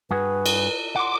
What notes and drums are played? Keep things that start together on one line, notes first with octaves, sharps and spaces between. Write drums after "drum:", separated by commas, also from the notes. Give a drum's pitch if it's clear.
G2 F#4 G#4 B4
drum: cymbal
F#5 C6 D6